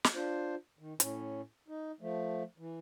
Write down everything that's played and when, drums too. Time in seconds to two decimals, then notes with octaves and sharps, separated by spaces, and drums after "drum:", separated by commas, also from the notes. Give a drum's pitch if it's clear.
0.04 drum: snare
0.15 D4 F4 C5
0.79 D#3
1.00 A2 C#4, drum: hi-hat
1.68 D#4
2.01 F3 A3
2.58 E3